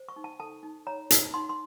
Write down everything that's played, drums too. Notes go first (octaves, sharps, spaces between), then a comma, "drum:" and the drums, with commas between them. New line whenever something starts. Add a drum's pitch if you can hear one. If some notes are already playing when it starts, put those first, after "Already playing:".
Already playing: C5
C#6
D#4
A5
A4 A5
D#4
C#5 A#5
D#4, drum: hi-hat
D#4 C6
C6